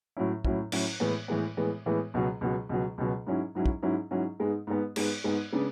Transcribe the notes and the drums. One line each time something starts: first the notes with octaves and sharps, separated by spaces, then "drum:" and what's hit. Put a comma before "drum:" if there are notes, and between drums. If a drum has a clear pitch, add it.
A2 F#3 C#4 E4
A2 F#3 C#4 E4, drum: kick
A2 F#3 C#4 E4, drum: cymbal
A2 E3 G#3 B3
A2 E3 G#3 B3
A2 E3 G#3 B3
A2 E3 G#3 B3
C#2 B2 F#3
C#2 B2 F#3
C#2 B2 F#3
C#2 B2 F#3
G#2 F#3 C#4 E4
G#2 F#3 C#4 E4
drum: kick
G#2 F#3 C#4 E4
G#2 F#3 C#4 E4
G#2 G#3 B3
G#2 G#3 B3
G#2 G#3 B3, drum: cymbal
G#2 G#3 B3
C#3 G#3 B3 D4